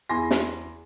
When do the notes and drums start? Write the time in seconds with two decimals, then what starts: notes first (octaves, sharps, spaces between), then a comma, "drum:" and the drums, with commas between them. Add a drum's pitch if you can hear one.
0.09 E2 E4 G#5 C6 A#6
0.31 drum: snare